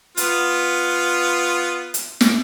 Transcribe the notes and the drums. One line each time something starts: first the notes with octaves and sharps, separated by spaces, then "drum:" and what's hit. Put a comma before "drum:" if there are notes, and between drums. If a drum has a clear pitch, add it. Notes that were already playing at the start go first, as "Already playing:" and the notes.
B3 F4, drum: hi-hat
drum: hi-hat
drum: snare